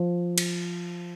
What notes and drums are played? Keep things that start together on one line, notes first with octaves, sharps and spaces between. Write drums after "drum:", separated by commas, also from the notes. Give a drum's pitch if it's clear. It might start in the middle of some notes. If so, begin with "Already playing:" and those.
Already playing: F3
drum: cymbal